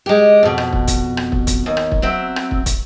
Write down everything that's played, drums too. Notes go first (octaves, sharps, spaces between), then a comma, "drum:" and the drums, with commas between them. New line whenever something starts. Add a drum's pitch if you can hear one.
G#3 G4
F2 B2
drum: rim click
drum: kick
drum: kick, hi-hat
drum: rim click
drum: kick
drum: kick, hi-hat
D#2
drum: rim click
drum: kick
F#3 C4 E5
drum: rim click
drum: kick
drum: kick, hi-hat